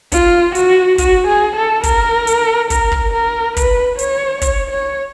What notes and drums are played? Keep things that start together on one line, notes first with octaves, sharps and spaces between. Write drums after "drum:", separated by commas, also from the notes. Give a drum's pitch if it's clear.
F4, drum: kick, hi-hat
F#4, drum: hi-hat
F#4, drum: kick, hi-hat
G#4
A4
A#4, drum: kick, hi-hat
drum: hi-hat
A#4, drum: kick, hi-hat
drum: kick
A#4
B4, drum: kick, hi-hat
C#5, drum: hi-hat
C#5, drum: kick, hi-hat
C#5